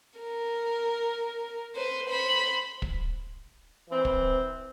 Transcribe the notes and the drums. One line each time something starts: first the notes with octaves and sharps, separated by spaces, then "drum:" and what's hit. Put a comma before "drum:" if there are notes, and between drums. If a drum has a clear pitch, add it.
A#4
B4 C5
C5 B5
drum: kick
E3 C4
drum: kick